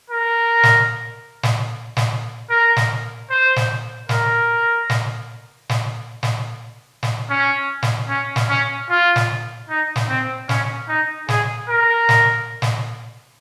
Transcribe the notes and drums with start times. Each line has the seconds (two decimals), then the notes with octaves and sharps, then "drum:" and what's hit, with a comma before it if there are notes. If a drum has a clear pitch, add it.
0.10 A#4
0.63 drum: snare
1.43 drum: snare
1.97 drum: snare
2.50 A#4
2.76 drum: snare
3.30 C5
3.56 drum: snare
4.09 A#4, drum: snare
4.90 drum: snare
5.69 drum: snare
6.23 drum: snare
7.03 drum: snare
7.30 C#4
7.83 drum: snare
8.09 C#4
8.36 drum: snare
8.49 C#4
8.89 F4
9.16 drum: snare
9.69 D#4
9.96 drum: snare
10.09 C4
10.49 C#4, drum: snare
10.88 D#4
11.28 G#4, drum: snare
11.69 A#4
12.09 drum: snare
12.62 drum: snare